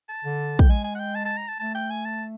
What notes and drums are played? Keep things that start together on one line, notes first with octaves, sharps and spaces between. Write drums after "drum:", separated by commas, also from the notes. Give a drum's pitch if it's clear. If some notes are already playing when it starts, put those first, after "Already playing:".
A5
D3
G5, drum: kick
G#3 G#5
G#5
F#5
G5
A5
A5
A#5
A5
A3 A5
G5
G#5
A5